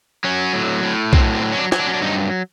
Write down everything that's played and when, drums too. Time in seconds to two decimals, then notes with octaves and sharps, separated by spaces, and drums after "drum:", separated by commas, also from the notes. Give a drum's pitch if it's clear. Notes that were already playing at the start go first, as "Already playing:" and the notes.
0.24 F#3 C#4
0.53 A2
0.83 A2
1.13 F#3 C4, drum: kick B1
1.35 C4
1.42 F#3
1.52 C#4
1.57 D4
1.72 F#3, drum: snare
1.79 D4
1.87 C#4
1.94 D4
2.02 G2 D#4